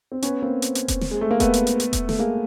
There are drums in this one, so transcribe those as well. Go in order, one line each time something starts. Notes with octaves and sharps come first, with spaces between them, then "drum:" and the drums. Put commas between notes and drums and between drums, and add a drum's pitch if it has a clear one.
C4
B3 C#4, drum: hi-hat
A#3 C4
drum: hi-hat
drum: hi-hat
drum: kick E1, hi-hat
drum: snare
G#3
A3
A#3
A3 B3, drum: kick E1, hi-hat
drum: hi-hat
drum: hi-hat
drum: hi-hat
drum: kick E1, hi-hat
A3, drum: snare
G#3 A#3